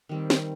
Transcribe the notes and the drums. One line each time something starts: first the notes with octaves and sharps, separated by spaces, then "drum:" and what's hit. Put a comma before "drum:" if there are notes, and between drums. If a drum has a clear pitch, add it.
D#3 G3 C4
drum: snare